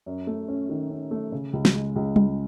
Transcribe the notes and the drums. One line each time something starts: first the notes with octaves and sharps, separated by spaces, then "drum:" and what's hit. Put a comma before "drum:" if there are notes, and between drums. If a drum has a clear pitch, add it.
F#2
A3
C#4
D#3
C#4
A3
C#3
C#2
drum: snare
G#3
C#2
C#2, drum: tom G3